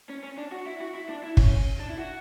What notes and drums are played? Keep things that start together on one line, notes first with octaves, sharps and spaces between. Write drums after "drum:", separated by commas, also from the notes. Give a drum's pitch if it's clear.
C#4
C#4
D4
F#4
E4
F#4
E4
D4
E4
C#4, drum: kick
D4
E4
F#4